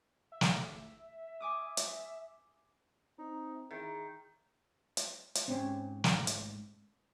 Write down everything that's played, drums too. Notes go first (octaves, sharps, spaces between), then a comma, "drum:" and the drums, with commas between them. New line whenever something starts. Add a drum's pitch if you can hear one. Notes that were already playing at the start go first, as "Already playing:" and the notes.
E5
drum: snare
G#5 D6 D#6
drum: hi-hat
C4 D#4
D#3 E4 G#4
drum: hi-hat
drum: hi-hat
C#2 G#2 C4 C#4
drum: snare
drum: hi-hat